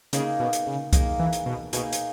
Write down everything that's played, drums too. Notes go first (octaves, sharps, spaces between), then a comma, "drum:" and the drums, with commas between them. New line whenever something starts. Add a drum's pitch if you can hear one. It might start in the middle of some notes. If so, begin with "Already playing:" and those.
C#3 A#3 D#4 G#4, drum: hi-hat
B2
drum: hi-hat
C#3
A#3 D#4 G#4, drum: kick C2, hi-hat
E3
drum: hi-hat
B2
B2 A#3 D#4 G#4, drum: hi-hat
drum: hi-hat